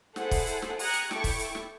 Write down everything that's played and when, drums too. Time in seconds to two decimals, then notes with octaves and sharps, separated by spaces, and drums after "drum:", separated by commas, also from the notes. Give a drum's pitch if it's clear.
0.16 E4 G#4 A4 C5 F#5, drum: snare
0.31 drum: kick, open hi-hat
0.47 drum: hi-hat
0.62 drum: snare
0.79 G4 A#5 D#6 F#6 G#6 C#7, drum: open hi-hat
0.93 drum: hi-hat
1.11 E4 A4 G5 C#6 D6 C#7, drum: snare
1.24 drum: kick, open hi-hat
1.39 drum: hi-hat
1.55 drum: snare